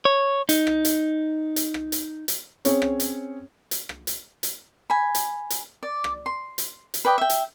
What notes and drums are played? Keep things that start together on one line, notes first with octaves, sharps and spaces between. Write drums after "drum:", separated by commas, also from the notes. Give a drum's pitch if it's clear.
C#5
D#4, drum: hi-hat
drum: rim click
drum: hi-hat
drum: hi-hat
drum: rim click
drum: hi-hat
drum: hi-hat
C4 C#4 G#4 C#5, drum: hi-hat
drum: rim click
drum: hi-hat
drum: hi-hat
drum: rim click
drum: hi-hat
drum: hi-hat
G#5 B5
drum: hi-hat
drum: hi-hat
D5
drum: rim click
C6
drum: hi-hat
drum: hi-hat
B4 D5 G5 D#6
E5 G5
drum: hi-hat